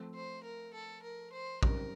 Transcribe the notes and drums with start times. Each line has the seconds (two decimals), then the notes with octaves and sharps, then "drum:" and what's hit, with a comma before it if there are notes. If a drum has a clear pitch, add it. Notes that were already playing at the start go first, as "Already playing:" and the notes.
Already playing: F3 A3 C4
0.14 C5
0.43 A#4
0.74 A4
1.03 A#4
1.33 C5
1.63 F#2 D#3 G3 C4 A#4, drum: kick A#1